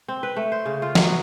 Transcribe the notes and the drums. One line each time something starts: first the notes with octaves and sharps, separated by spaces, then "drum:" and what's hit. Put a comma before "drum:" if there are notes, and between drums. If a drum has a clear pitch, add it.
C4
B4
A3
C5
C#3
F4
F#3, drum: snare
B3